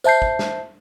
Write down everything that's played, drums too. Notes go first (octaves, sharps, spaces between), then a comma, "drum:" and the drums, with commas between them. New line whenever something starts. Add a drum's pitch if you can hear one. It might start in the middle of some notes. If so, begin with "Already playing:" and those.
C5 E5 A5 G6 C7, drum: tambourine
drum: kick
drum: snare